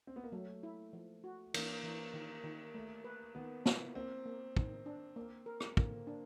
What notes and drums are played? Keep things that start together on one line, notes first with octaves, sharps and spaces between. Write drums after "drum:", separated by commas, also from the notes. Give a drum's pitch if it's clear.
C4
B3
A#3
F#3 A3
E4
F3
F#4
E3 A#3, drum: cymbal
E3
D#3
D#3
A3
B4
D#3 B3
E4, drum: snare
A#3 C4
A#3
D#3, drum: kick
D4
A#3
A#4
drum: rim click
D3 A#3, drum: kick
D4